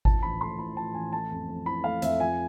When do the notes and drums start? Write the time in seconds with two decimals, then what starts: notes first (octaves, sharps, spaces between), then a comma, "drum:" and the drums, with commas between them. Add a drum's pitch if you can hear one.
0.05 F3 A5, drum: kick G#1
0.23 A1 B5
0.41 A3 C6
0.59 A2 B5
0.77 F3 A5
0.94 A1 G#5
1.13 A3 A5
1.31 F2
1.49 F2
1.66 E3 B5
1.84 A3 F5
2.02 F2 E5, drum: hi-hat
2.20 F3 G#5